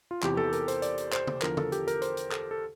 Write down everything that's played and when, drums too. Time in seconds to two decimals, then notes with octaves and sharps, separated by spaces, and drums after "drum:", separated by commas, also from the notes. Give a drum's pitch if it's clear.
0.11 F4
0.23 E2 C3 E3 G4, drum: clap
0.37 A4, drum: tom E3
0.52 A#4, drum: hi-hat
0.68 C5, drum: hi-hat
0.82 D5, drum: hi-hat
0.98 drum: hi-hat
1.13 C5, drum: clap
1.27 drum: tom
1.42 E2 D3 F3 A#4, drum: clap
1.57 A4, drum: tom
1.72 G4, drum: hi-hat
1.87 A#4, drum: hi-hat
2.02 C5, drum: hi-hat
2.17 drum: hi-hat
2.32 A4, drum: clap
2.51 A4